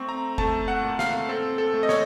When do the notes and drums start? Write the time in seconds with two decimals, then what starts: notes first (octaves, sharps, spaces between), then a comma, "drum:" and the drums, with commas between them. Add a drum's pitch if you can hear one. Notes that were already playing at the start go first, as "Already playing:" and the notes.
Already playing: A3 C4 C#6
0.09 A#5
0.38 A3 A5, drum: kick F1
0.68 F#5
0.83 A#2
0.99 F5, drum: snare
1.29 C4 A4
1.58 A4
1.74 A3
1.83 D#5
1.89 C#5, drum: snare